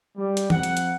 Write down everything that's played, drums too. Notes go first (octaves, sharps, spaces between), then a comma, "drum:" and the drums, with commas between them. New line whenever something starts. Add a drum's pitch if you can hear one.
G3
drum: hi-hat
F2 F#5, drum: tom E3
drum: hi-hat
drum: hi-hat